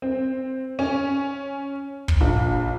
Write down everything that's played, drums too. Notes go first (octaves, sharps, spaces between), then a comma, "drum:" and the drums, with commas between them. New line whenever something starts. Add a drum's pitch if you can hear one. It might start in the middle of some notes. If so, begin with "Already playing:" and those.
C4
C#4
drum: kick
A#1